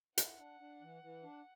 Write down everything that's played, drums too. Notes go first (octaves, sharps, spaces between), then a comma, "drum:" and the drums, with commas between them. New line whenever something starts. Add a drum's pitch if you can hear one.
E4 F#5, drum: hi-hat
D4
D4
E3
E3
D4